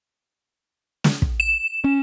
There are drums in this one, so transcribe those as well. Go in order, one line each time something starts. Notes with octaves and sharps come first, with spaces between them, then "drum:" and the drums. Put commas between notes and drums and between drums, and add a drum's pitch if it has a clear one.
drum: snare
drum: kick
E7
C#4